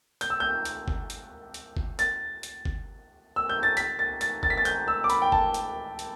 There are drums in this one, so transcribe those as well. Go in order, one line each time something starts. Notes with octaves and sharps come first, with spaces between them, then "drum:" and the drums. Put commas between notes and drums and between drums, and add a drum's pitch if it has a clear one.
G6, drum: hi-hat
E6
G6
drum: hi-hat
drum: kick G1
drum: hi-hat
drum: hi-hat
drum: kick G1
A6, drum: hi-hat
drum: hi-hat
drum: kick G1
E6
G6
A6
B6, drum: hi-hat
A6
A6, drum: hi-hat
A6, drum: kick G1
B6
A6
G6, drum: hi-hat
E6
D6
B5, drum: hi-hat
G5
A5, drum: kick G1
drum: hi-hat
drum: hi-hat